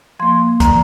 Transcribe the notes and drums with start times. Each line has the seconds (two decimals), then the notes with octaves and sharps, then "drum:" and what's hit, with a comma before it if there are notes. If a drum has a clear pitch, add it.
0.20 F3 A#3 C6
0.60 D3 A#5, drum: kick, hi-hat